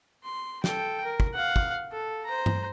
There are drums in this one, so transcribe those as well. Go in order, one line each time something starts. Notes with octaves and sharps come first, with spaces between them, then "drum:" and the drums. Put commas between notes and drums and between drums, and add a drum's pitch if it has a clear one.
C6
A4 G5, drum: snare
A#4
drum: kick
F5 F#5
drum: kick
A4
C5 A#5
drum: tom G2